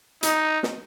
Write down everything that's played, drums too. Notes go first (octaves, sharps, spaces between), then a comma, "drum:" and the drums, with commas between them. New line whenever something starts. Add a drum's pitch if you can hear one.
D#4, drum: hi-hat
drum: snare